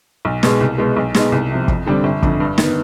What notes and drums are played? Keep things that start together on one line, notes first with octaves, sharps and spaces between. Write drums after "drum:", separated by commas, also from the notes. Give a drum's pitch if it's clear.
B1
B2 G#3, drum: snare
C2
B2 G#3
B1
B2 G#3 B3 D#4, drum: snare
C2
C3 F3
F2, drum: kick
D3 G3 C4
G1
F2 D3, drum: kick
G2
D#3 B3, drum: snare